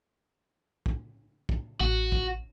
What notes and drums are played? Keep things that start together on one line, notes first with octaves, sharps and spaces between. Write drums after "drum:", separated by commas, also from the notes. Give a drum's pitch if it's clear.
drum: kick
drum: kick
A1 F#4
drum: kick